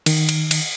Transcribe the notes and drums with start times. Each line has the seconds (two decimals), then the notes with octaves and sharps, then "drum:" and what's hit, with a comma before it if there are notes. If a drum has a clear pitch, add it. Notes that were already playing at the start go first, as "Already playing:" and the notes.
0.06 D#3, drum: cymbal
0.29 drum: cymbal
0.51 drum: cymbal